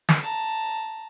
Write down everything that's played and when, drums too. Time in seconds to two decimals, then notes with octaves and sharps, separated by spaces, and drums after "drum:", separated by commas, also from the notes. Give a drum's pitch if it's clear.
0.09 drum: snare
0.23 A5 A#5